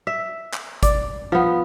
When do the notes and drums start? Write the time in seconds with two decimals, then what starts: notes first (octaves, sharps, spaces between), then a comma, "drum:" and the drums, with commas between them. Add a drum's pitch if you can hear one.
0.07 E5
0.53 drum: clap
0.83 D5, drum: kick G#1, hi-hat
1.32 F3 B3